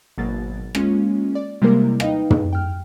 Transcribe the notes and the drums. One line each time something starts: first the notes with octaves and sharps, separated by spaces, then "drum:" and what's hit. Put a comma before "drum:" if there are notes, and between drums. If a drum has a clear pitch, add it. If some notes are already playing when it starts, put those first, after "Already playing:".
G#1 B2 F#3 A#3 A6
G#3 A#3 C#4 F4, drum: rim click
D5
C3 G3 G#3 A#3 E4 A#4
D#4 B4 D#5 F5 G5, drum: rim click
drum: tom
G5 F6